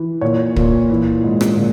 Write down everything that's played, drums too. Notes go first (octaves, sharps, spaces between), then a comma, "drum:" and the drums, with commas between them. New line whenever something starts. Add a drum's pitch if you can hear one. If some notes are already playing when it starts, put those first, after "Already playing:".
Already playing: E3
A#2 C#5
A#2, drum: kick
E3
G#2
drum: rim click
A#2